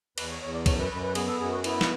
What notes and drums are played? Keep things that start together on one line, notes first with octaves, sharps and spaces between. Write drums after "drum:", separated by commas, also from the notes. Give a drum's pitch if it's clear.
E2 B4, drum: cymbal
C#5
E2 C#5
D5
F#2 C#5, drum: kick, cymbal
B4
F#2 B4
B4
B3 G#4, drum: cymbal
A4
F#2 G#4
F#4
B3 E4, drum: cymbal
drum: snare